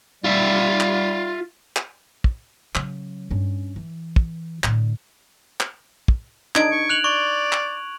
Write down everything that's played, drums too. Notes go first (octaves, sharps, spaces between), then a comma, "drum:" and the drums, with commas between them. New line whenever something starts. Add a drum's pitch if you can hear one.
G3 F4 E5
drum: clap
drum: clap
drum: kick
C#3 F#3, drum: clap
G2 C#4
E3
drum: kick
A2 D3, drum: clap
drum: clap
drum: kick
D4 D#4 G#6 D7, drum: clap
C#6
F#6 F7 F#7
D5 C#6
drum: clap